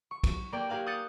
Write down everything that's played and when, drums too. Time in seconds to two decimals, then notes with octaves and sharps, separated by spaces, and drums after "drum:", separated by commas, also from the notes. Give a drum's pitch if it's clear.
0.11 C#6
0.24 drum: kick, cymbal
0.52 A#3 G4 A#4 D5 G5
0.69 G4 G#4 A#4 F5 F#6
0.86 D#6 F#6 G6 A6 C#7 D#7